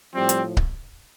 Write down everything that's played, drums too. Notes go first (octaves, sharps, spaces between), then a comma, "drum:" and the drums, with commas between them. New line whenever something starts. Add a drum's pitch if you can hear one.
A2 F3 G3 C4
drum: hi-hat
drum: kick C#1